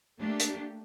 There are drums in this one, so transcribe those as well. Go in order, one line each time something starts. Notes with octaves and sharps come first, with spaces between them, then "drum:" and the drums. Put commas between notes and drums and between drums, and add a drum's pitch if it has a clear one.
A3 A#3 D4 G4
drum: hi-hat